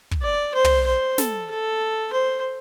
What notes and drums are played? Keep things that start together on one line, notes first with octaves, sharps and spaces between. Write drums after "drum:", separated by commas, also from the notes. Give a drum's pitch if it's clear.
drum: kick
D5
C5
drum: tom
C5
A4, drum: snare
A4
C5